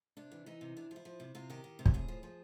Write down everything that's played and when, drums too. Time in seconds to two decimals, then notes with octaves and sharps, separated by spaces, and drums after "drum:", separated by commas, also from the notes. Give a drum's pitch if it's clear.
0.17 C3 D4
0.31 E3
0.46 E3 D#4
0.61 C3
0.77 C3 D4
0.91 F3
0.96 E4
1.05 F3
1.20 C3
1.35 C3 F4
1.50 D#3 G4
1.64 D#3
1.79 C3
1.86 G4, drum: kick
1.94 A2 G#4
2.08 F3
2.23 F3